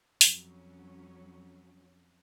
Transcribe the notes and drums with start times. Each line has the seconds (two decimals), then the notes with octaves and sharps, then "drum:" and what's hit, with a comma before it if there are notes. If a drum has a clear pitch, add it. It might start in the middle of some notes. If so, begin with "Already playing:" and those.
0.21 F2 F#3 C#4, drum: open hi-hat